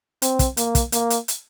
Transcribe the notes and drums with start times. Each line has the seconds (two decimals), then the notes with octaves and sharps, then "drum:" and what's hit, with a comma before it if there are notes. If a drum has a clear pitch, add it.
0.22 C4, drum: hi-hat
0.39 drum: kick, hi-hat
0.57 A#3, drum: hi-hat
0.75 drum: kick, hi-hat
0.92 A#3, drum: hi-hat
1.10 drum: hi-hat
1.28 drum: hi-hat